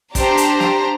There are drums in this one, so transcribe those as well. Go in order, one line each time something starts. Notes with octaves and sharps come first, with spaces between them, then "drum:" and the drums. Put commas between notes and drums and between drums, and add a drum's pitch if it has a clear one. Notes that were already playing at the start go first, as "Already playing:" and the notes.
D4 G4 C5 A#5, drum: kick, hi-hat
drum: hi-hat
drum: snare